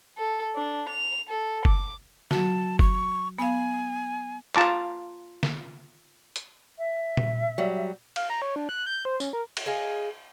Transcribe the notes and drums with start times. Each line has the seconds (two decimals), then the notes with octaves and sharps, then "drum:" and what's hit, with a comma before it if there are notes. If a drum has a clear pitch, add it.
0.18 A4
0.55 D4
0.89 F7
1.29 A4
1.65 D6, drum: kick F#1
2.31 F#3 F#4 A5, drum: snare
2.79 C#6, drum: kick F#1
3.39 B3 F5 G#5
4.56 F4 A5 A#5 D6, drum: clap
5.43 drum: snare
6.36 drum: hi-hat
6.78 E5
7.17 drum: tom A#2
7.58 F#3 G3
8.16 F5, drum: cymbal
8.30 A#5
8.42 C#5
8.56 D4
8.69 F#6
8.86 G6
9.05 C5
9.20 C#4, drum: tambourine
9.33 A#4
9.57 drum: cymbal
9.66 G#4 D#5 F5 G#5